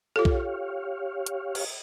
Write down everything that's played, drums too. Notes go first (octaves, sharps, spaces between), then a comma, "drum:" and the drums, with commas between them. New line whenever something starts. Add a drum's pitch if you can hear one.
F4 G4 A4 C#5 F5
drum: kick B1
drum: hi-hat
drum: cymbal